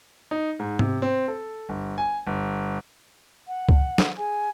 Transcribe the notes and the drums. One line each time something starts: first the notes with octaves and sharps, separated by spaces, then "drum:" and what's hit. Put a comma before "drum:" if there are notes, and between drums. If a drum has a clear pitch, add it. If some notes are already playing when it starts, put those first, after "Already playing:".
D#4
G#2
C3, drum: tom G#2
C4
A4
G1
G#5
G1
F#5
drum: kick C#2
drum: snare
G#4 G#5